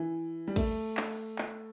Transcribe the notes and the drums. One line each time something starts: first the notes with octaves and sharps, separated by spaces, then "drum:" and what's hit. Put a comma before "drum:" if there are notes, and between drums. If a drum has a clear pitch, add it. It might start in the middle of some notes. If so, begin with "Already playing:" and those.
Already playing: E3
G3
A3, drum: kick, cymbal
drum: clap
drum: clap